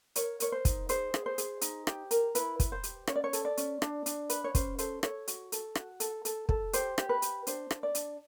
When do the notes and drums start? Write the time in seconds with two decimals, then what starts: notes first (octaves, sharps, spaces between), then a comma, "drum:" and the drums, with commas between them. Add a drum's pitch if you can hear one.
0.16 A#4 C#5, drum: hi-hat
0.40 A#4 C#5, drum: hi-hat
0.52 C5
0.65 D#4, drum: kick, hi-hat
0.89 G#4 C5, drum: hi-hat
1.14 G#4, drum: rim click
1.26 C5
1.38 G#4, drum: hi-hat
1.61 D#4, drum: hi-hat
1.87 G4, drum: rim click
2.11 A#4, drum: hi-hat
2.35 E4 B4, drum: hi-hat
2.60 B4, drum: kick, hi-hat
2.72 C5
2.83 G4, drum: hi-hat
3.07 C#4 C#5, drum: rim click
3.16 D5
3.24 C#5
3.33 A4, drum: hi-hat
3.45 D5
3.57 C#4, drum: hi-hat
3.82 D4, drum: rim click
4.06 D4, drum: hi-hat
4.30 B4, drum: hi-hat
4.44 C#5
4.55 C#4 C5, drum: kick, hi-hat
4.78 A4 C5, drum: hi-hat
5.03 A4 C#5, drum: rim click
5.28 F#4, drum: hi-hat
5.52 A4, drum: hi-hat
5.75 F#4, drum: rim click
6.00 A4, drum: hi-hat
6.25 A4, drum: hi-hat
6.49 A4, drum: kick
6.73 G4 C5, drum: hi-hat
6.98 G4, drum: rim click
7.09 B4
7.22 G4, drum: hi-hat
7.47 D4 C5, drum: hi-hat
7.71 D4, drum: rim click
7.83 D5
7.95 D4, drum: hi-hat